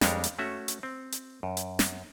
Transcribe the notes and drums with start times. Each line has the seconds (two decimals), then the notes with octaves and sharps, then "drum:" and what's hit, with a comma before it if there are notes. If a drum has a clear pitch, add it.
0.01 F2 G3 G#3 D4 A#4 C#5, drum: snare
0.24 drum: hi-hat
0.39 A3 C#4 F#4 E5
0.68 drum: hi-hat
0.83 C4
1.12 drum: hi-hat
1.43 F#2
1.57 drum: hi-hat
1.79 drum: snare